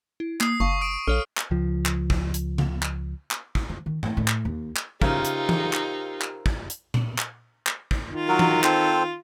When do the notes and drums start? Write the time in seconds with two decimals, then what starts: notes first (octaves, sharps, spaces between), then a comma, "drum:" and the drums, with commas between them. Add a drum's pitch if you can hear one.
0.20 E4
0.40 A#3 D#6 C7, drum: clap
0.60 F#1 F5 A5 C#6
0.81 C#6 D#6 D7 E7
1.08 A#1 A4 C#5 F5 F6
1.37 drum: clap
1.51 C#2 F3
1.86 drum: clap
2.10 drum: kick
2.34 drum: hi-hat
2.58 drum: tom C#3
2.83 drum: clap
3.31 drum: clap
3.55 drum: kick
3.69 F3
3.86 D#3
4.03 A3, drum: tom G#2
4.17 A2
4.28 drum: clap
4.45 D#2
4.76 drum: clap
5.02 C#3 D#4 F4 G4 A#4 C5 E5, drum: kick
5.25 drum: hi-hat
5.49 drum: tom E3
5.73 drum: clap
6.21 drum: clap
6.46 drum: kick
6.70 drum: hi-hat
6.94 drum: tom A#2
7.18 drum: clap
7.67 drum: clap
7.91 drum: kick
8.09 D#3 F4
8.28 F#3 F#4 A#4
8.39 drum: tom E3
8.64 C4 A4 C5, drum: clap